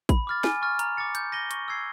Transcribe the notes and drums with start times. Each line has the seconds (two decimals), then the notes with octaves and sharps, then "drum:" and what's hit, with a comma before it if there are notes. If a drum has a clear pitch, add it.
0.09 B5, drum: kick, hi-hat
0.27 D6 F6 A6
0.44 G#5, drum: snare
0.62 C#6 F6 A6
0.79 A#5, drum: hi-hat
0.97 D6 F6 A6 C#7
1.15 G6, drum: hi-hat
1.32 A#6 D#7 G7
1.51 C#6, drum: hi-hat
1.68 E6 G#6 C7